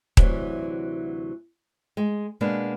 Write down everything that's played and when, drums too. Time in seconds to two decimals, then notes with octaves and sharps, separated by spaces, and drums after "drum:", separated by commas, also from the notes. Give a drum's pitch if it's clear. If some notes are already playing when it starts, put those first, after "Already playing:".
0.17 D2 C3 E3 F#3, drum: kick D#1
1.97 G#3
2.41 B2 G#3 A#3 B3 D4